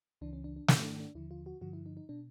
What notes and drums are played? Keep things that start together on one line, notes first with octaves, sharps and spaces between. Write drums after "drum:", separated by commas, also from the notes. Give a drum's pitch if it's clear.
C#2 C#3 E3 D4
C#4
D4
D4
G#2 D#3 C#4, drum: snare
D4
D4
D#2 D3 F3 E4
F4
F#4
G2 D3 F3 F#4
E4
D#4
D#4
B2 D4